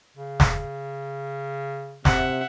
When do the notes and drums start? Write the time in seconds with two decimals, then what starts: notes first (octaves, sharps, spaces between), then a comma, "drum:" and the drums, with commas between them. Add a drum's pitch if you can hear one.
0.17 C#3
0.40 drum: snare
2.05 C3 E5 F#5, drum: snare